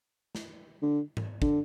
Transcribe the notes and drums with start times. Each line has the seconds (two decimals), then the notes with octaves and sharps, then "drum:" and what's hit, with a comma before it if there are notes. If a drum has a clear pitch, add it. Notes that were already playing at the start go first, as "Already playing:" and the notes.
0.35 drum: snare
0.82 D3
1.17 drum: tom G#2
1.42 D3, drum: kick